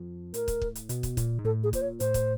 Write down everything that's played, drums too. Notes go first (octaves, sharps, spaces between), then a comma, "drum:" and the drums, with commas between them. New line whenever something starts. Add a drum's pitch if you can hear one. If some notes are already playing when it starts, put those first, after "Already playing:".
Already playing: F2
A2 A#4, drum: hi-hat
drum: kick, hi-hat
drum: kick
drum: hi-hat
B2, drum: hi-hat
drum: kick, hi-hat
A#2, drum: kick, hi-hat
G#2
A2 A4
G#4
A#2 C5, drum: kick, hi-hat
C#5
A2 C5, drum: hi-hat
drum: kick, hi-hat